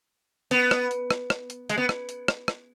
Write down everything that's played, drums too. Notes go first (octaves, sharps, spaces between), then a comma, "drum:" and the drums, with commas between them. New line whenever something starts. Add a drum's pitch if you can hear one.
B3, drum: hi-hat
drum: rim click
drum: hi-hat
drum: rim click
drum: rim click
drum: hi-hat
G#3, drum: hi-hat
B3
drum: rim click
drum: hi-hat
drum: rim click
drum: rim click